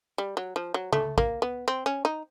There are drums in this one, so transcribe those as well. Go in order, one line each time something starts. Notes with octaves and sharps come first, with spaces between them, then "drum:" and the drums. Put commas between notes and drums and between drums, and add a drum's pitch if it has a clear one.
G3
F#3
F3
F#3
A3, drum: tom C#3
A#3, drum: kick
B3
C4
C#4
D#4